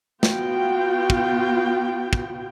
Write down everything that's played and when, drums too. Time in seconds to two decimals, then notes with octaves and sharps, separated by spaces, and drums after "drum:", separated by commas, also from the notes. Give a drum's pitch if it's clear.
0.23 B3 F4 F#4 G5, drum: snare
1.10 drum: kick
2.13 drum: kick